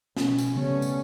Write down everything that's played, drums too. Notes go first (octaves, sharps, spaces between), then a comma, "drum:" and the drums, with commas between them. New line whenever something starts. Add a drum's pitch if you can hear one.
B2 C#4, drum: snare
drum: tambourine
C#3 G3 A3 B3 C#4
drum: tambourine